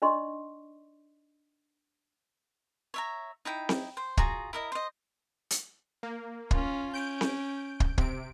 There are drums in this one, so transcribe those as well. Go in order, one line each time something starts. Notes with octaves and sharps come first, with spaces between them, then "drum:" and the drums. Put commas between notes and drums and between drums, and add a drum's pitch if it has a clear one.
D4 D#4 D5 D#5 C6 C#6
C#5 E5 A#5
D#4 E4 G5
drum: snare C4
C5
F4 F#4 G#4 A#5, drum: kick
E4 A#4 D#5
C5 D#5
drum: hi-hat
A#3
C#4 F4, drum: kick
C#4 G6 D7
drum: snare C4
drum: kick
C3 D7, drum: kick